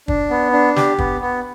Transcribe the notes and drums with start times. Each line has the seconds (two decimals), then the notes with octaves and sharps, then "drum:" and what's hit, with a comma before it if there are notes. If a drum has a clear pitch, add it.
0.08 D4, drum: kick
0.30 B3
0.53 D4
0.76 G4, drum: snare
0.98 B3, drum: kick
1.21 B3